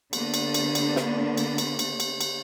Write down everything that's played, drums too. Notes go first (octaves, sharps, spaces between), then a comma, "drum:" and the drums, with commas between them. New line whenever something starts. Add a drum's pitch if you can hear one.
D3 A#3 B3 D4, drum: cymbal
drum: cymbal
drum: cymbal
drum: cymbal
drum: snare
drum: cymbal
drum: cymbal
drum: cymbal
drum: cymbal
drum: cymbal